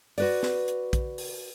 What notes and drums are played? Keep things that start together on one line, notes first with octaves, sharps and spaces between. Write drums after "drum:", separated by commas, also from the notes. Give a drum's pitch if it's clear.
F#4 B4 D5, drum: open hi-hat
drum: snare
drum: hi-hat
drum: kick, hi-hat
drum: open hi-hat